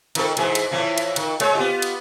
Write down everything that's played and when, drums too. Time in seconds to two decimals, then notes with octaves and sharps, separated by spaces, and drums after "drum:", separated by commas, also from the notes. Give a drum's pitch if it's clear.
0.15 D#3 F3 A4, drum: cymbal
0.37 G#2 E3 G#4, drum: cymbal
0.55 drum: cymbal
0.71 A2 E3 F3
0.98 drum: cymbal
1.16 D#3, drum: cymbal
1.40 G#3 C#5, drum: cymbal
1.55 B3 F4 G4
1.82 drum: cymbal